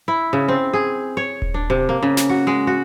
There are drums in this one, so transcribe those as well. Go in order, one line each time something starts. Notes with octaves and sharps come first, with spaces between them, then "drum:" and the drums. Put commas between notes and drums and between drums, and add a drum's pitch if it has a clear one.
E4
C#3
C4
G#4
C#5
drum: kick D#1
D4
C3
A#3
C#3
drum: snare
F#4
G#3
F#4